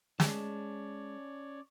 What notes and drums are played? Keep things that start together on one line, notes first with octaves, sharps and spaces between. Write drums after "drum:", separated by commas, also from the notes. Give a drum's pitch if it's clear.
G#3 C#4 C#5 D5 A5, drum: snare